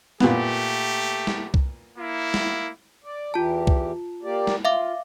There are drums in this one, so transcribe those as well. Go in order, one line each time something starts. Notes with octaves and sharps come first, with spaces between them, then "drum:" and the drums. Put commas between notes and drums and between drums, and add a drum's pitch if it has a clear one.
A#2 A3 B3 G4, drum: snare
drum: snare
drum: kick C2
A#3 E4
drum: snare
D5
E2 E3 F4 G4 A5
drum: kick C2
A#3 G4 D5
drum: snare
F4 E5 F5 D6